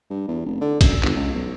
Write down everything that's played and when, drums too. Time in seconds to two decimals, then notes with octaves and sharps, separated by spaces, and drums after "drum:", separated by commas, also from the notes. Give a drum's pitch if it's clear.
0.10 G2
0.28 E2
0.45 F1
0.61 D3
0.81 F#2, drum: kick, cymbal
1.03 G1, drum: clap
1.16 C#2
1.34 B1